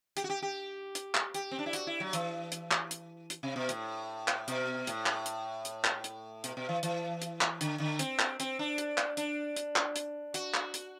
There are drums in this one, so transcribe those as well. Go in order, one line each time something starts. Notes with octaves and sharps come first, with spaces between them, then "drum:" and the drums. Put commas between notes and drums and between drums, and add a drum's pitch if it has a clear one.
G4, drum: hi-hat
F#4
G4
G4
drum: hi-hat
drum: clap
G4, drum: hi-hat
C4
D4
E4
F#4, drum: hi-hat
E4
F#3
E3, drum: hi-hat
drum: hi-hat
drum: clap
drum: hi-hat
drum: hi-hat
C3
B2
A2, drum: hi-hat
drum: clap
B2, drum: hi-hat
A2, drum: hi-hat
drum: clap
drum: hi-hat
drum: hi-hat
drum: clap
drum: hi-hat
B2, drum: hi-hat
B2
E3
E3, drum: hi-hat
drum: hi-hat
drum: clap
D3, drum: hi-hat
D3
C4, drum: hi-hat
drum: clap
C4, drum: hi-hat
D4
drum: hi-hat
drum: clap
D4, drum: hi-hat
drum: hi-hat
drum: clap
drum: hi-hat
F#4, drum: hi-hat
drum: clap
drum: hi-hat